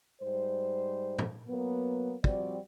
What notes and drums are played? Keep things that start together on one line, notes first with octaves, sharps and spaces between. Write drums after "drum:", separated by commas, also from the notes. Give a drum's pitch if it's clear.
G#2 G3 C5
drum: tom
F#3 A#3 B3
F3 G3 C4 F#4 D5, drum: kick